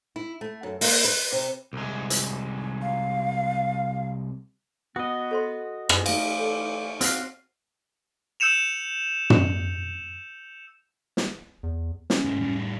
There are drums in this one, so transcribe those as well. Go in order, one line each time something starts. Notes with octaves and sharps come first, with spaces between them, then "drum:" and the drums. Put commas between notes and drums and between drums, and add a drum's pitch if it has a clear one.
E4
A3
F#2
A#3, drum: open hi-hat
B4
C3
C2 G#3
drum: hi-hat
F5
B3 F#4 D#5 D#6
A4 C5 C6
E3 D#4 G4 C5 G#5, drum: rim click
A3 F5, drum: cymbal
A4
C4 F#4 F5 F6 C7, drum: hi-hat
E6 G6 C#7 E7 F7
drum: tom
drum: snare
E2
C#4, drum: snare
G#2 A3
A2 G3